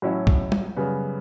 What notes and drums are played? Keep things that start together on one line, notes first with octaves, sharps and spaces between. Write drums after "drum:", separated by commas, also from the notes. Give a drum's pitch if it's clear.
A1 A2 F#3 C#4 E4
drum: kick
drum: tom
F#2 C#3 G3 B3